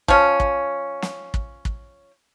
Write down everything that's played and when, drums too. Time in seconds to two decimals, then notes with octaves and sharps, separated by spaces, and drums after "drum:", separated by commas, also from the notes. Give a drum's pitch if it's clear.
0.08 F3 C#4, drum: kick
0.40 drum: kick
1.02 drum: snare
1.34 drum: kick
1.65 drum: kick